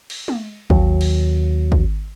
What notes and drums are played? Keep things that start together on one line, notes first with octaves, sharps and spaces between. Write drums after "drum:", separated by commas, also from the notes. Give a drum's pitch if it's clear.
drum: cymbal
drum: tom
D#2 F#3, drum: kick G#1
drum: cymbal
drum: kick G#1